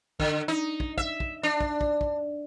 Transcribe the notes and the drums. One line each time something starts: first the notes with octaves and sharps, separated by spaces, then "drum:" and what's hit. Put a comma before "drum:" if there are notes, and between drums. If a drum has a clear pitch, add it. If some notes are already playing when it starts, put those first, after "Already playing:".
D3, drum: kick
D#4
drum: kick
E5, drum: kick
drum: kick
D4
drum: kick
drum: kick
drum: kick